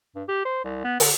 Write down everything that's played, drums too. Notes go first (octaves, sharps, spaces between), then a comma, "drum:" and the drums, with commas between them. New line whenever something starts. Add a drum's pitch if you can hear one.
G2
G4
C5
C2
B3
D3, drum: open hi-hat